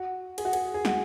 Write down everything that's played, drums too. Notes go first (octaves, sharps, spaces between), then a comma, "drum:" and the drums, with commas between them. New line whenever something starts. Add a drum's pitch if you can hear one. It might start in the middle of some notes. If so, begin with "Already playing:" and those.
Already playing: F#4
G#4, drum: cymbal
F#4
G#4, drum: cymbal
G#4
F#4, drum: snare